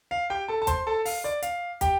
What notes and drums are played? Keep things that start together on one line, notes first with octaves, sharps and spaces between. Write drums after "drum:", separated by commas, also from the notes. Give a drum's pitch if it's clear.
F5
G4 G5
A4 A5
A5
C5 C6, drum: kick, hi-hat
A4 A5
F5, drum: open hi-hat
D5
F5, drum: hi-hat
G4 G5, drum: kick, hi-hat